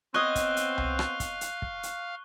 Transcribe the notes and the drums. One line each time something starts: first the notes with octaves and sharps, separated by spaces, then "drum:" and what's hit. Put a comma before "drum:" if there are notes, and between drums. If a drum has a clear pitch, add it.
B3 C4 C#5 D#5 F5 C#6 F#6 G7
drum: kick, hi-hat
drum: hi-hat
drum: tom C2
drum: rim click
drum: kick, hi-hat
drum: hi-hat
drum: kick
drum: hi-hat